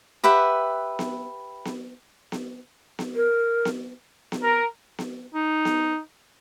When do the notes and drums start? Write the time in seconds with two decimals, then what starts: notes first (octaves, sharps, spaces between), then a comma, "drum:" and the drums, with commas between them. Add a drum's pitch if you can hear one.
0.24 G4 B4 E5 F#5
0.99 drum: snare B3
1.65 drum: snare B3
2.32 drum: snare B3
2.99 drum: snare B3
3.15 A#4
3.65 drum: snare B3
4.32 drum: snare B3
4.42 A#4
4.99 drum: snare B3
5.34 D#4
5.65 drum: snare B3